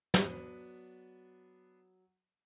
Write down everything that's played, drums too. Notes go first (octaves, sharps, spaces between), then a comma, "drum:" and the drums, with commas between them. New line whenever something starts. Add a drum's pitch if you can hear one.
F#3 B3 D4 B4, drum: snare